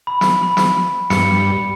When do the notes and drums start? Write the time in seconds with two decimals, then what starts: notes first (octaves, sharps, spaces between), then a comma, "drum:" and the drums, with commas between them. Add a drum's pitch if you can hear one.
0.07 B5
0.21 drum: snare
0.43 B5
0.57 drum: snare
1.10 G2 C#7, drum: snare